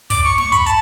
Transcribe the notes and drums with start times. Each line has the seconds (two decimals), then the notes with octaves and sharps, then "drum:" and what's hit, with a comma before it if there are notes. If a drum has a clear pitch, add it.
0.10 D6, drum: kick, open hi-hat
0.24 C#6
0.38 C#6, drum: snare
0.52 B5, drum: kick, hi-hat
0.66 A5, drum: hi-hat